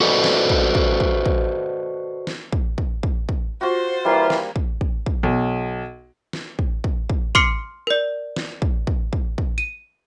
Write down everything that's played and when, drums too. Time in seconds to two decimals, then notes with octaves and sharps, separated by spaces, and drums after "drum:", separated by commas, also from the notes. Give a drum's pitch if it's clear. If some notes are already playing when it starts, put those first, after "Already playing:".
0.01 F#4 A4 B4 C5 D5 D#5
0.24 drum: snare
0.49 drum: kick
0.75 drum: kick
1.00 drum: kick
1.26 drum: kick
2.27 drum: snare
2.52 drum: kick
2.78 drum: kick
3.03 drum: kick
3.29 drum: kick
3.61 F4 F#4 C5
4.05 E3 G3 A#3 F4
4.30 drum: snare
4.56 drum: kick
4.81 drum: kick
5.06 drum: kick
5.23 B1
6.33 drum: snare
6.59 drum: kick
6.84 drum: kick
7.10 drum: kick
7.35 C6 D6 F6 C7 C#7, drum: kick
7.87 A#4 D5
8.36 drum: snare
8.62 drum: kick
8.87 drum: kick
9.13 drum: kick
9.38 drum: kick
9.58 D#7